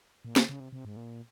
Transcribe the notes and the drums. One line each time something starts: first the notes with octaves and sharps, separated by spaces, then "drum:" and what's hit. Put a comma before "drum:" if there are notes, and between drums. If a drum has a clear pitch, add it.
A#2
C#3, drum: snare
C#3
C3
C3
G#2
A#2